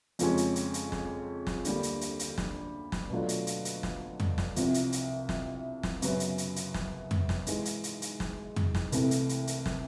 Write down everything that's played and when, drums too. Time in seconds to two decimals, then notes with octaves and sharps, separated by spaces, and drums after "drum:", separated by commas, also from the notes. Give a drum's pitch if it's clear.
0.19 F2 C#3 F3 G#3 C#4, drum: hi-hat
0.37 drum: hi-hat
0.56 drum: hi-hat
0.74 drum: hi-hat
0.92 drum: snare
1.47 drum: snare
1.65 D2 D3 G3 A#3, drum: hi-hat
1.83 drum: hi-hat
2.01 drum: hi-hat
2.19 drum: hi-hat
2.38 drum: snare
2.92 drum: snare
3.10 B2 F#3 A3 D4 F4
3.29 drum: hi-hat
3.47 drum: hi-hat
3.65 drum: hi-hat
3.83 drum: snare
4.20 drum: tom
4.38 drum: snare
4.56 C2 C3 F3, drum: hi-hat
4.74 drum: hi-hat
4.92 drum: hi-hat
5.29 drum: snare
5.83 drum: snare
6.02 F#2 C#3 F#3 B3, drum: hi-hat
6.20 drum: hi-hat
6.38 drum: hi-hat
6.56 drum: hi-hat
6.74 drum: snare
7.11 drum: tom
7.29 drum: snare
7.47 G#2 E3 G#3, drum: hi-hat
7.65 drum: hi-hat
7.84 drum: hi-hat
8.02 drum: hi-hat
8.20 drum: snare
8.56 drum: tom
8.75 drum: snare
8.92 C2 C3 E3 A3, drum: hi-hat
9.11 drum: hi-hat
9.29 drum: hi-hat
9.47 drum: hi-hat
9.66 drum: snare